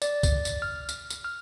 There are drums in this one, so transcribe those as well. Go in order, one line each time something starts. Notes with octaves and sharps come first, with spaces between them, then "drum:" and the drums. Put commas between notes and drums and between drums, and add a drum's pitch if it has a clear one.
D5, drum: tambourine
drum: kick C#2, tambourine
drum: tambourine
F6
drum: tambourine
drum: tambourine
F6